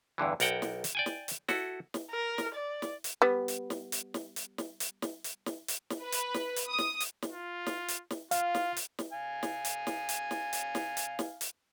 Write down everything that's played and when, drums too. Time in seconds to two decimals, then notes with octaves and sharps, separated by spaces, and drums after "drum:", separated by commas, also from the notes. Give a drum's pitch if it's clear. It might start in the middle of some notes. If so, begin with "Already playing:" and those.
0.18 E2 G2 D3 E3
0.40 B1 A#4 F#5 G5 A5, drum: hi-hat
0.62 drum: snare
0.84 drum: hi-hat
0.95 D5 G5 G#5
1.06 drum: snare
1.28 drum: hi-hat
1.48 E4 F#4 A4, drum: snare
1.94 drum: snare
2.10 A#4
2.38 drum: snare
2.54 D5
2.82 drum: snare
3.04 drum: hi-hat
3.22 G3 B3
3.48 drum: hi-hat
3.70 drum: snare
3.92 drum: hi-hat
4.14 drum: snare
4.36 drum: hi-hat
4.58 drum: snare
4.80 drum: hi-hat
5.02 drum: snare
5.24 drum: hi-hat
5.46 drum: snare
5.68 drum: hi-hat
5.90 drum: snare
6.03 B4
6.12 drum: hi-hat
6.34 drum: snare
6.56 drum: hi-hat
6.68 D#6
6.78 drum: snare
7.00 drum: hi-hat
7.22 drum: snare
7.32 F4
7.66 drum: snare
7.88 drum: hi-hat
8.10 drum: snare
8.31 F4 F5, drum: hi-hat
8.55 drum: snare
8.77 drum: hi-hat
8.99 drum: snare
9.12 F5 G#5
9.43 drum: snare
9.65 drum: hi-hat
9.87 drum: snare
10.09 drum: hi-hat
10.31 drum: snare
10.53 drum: hi-hat
10.75 drum: snare
10.97 drum: hi-hat
11.19 drum: snare
11.41 drum: hi-hat